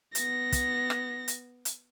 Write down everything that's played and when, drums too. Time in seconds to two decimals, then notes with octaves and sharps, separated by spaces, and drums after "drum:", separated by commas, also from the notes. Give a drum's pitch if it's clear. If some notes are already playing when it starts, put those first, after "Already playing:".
0.15 B3 A#6, drum: hi-hat
0.52 drum: kick, hi-hat
0.90 drum: rim click
1.28 drum: hi-hat
1.65 drum: hi-hat